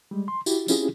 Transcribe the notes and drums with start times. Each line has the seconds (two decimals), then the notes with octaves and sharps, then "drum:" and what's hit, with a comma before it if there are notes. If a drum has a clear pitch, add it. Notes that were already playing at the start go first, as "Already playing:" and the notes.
0.11 G3 G#3
0.28 C6
0.46 E4 F#4 G4, drum: tambourine
0.68 C4 C#4 E4 F4 G4 G#4, drum: tambourine